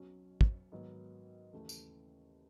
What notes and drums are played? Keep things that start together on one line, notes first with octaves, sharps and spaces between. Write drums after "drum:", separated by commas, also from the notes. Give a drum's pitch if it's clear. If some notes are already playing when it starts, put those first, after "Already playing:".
Already playing: B1 B2 F#3 C#4
drum: kick
G#2 D#3 F#3 B3
D#2 C#3 E3 A3
drum: tambourine